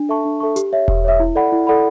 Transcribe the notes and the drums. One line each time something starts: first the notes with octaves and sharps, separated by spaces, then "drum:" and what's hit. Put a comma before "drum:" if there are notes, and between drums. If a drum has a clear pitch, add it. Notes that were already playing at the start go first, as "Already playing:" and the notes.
Already playing: D4
A4 E5 A5 C#6
D4
A4 E5 A5 C#6
G4, drum: hi-hat
C#5 E5
G4, drum: kick E1
C#5 E5
E4
A4 D5 F#5 B5
E4
A4 D5 F#5 B5